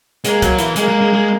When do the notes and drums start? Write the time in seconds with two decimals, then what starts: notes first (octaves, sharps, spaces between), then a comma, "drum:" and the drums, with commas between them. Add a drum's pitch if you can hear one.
0.25 G#3 A#3, drum: hi-hat
0.42 F#3, drum: kick, hi-hat
0.58 E3, drum: hi-hat
0.76 G#3 A#3, drum: hi-hat
0.88 G#3
1.01 G#3
1.13 G#3